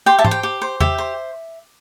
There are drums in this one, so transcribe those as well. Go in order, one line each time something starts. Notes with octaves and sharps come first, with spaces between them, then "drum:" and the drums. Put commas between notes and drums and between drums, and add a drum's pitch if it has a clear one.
G4 G5 C6
E5 A5
C5, drum: tom G#2
G5
G4
C5
G4 E5, drum: tom E2
C5